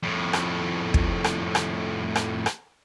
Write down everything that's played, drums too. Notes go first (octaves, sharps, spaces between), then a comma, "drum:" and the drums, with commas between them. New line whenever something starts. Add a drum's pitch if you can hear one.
F2 A2
drum: rim click
drum: kick
drum: rim click
drum: rim click
drum: rim click
drum: rim click